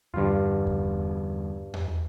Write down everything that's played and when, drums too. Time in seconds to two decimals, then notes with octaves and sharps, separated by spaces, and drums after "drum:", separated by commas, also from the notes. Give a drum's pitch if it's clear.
0.14 E2 G2 D3 G3 F4
0.67 drum: kick E2
1.74 drum: tom E2